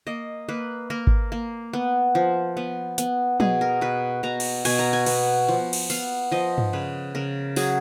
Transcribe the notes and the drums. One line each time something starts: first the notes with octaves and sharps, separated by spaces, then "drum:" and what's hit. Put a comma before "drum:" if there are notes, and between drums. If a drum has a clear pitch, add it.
A#3 D#5
A#3 B4
A#3 A#4
drum: kick G#1
A#3
B3
F3
B3
B3, drum: hi-hat
B2 G#4, drum: tom
A#4
B2 B4
B2 A#5
drum: cymbal
B2 G#5, drum: cymbal
A#5
G#5
B3, drum: cymbal
F3
drum: cymbal
B3 F5, drum: open hi-hat
F3 D#5
drum: tom G2
C#3 B4
C#3 A#4
F#3 G#4, drum: open hi-hat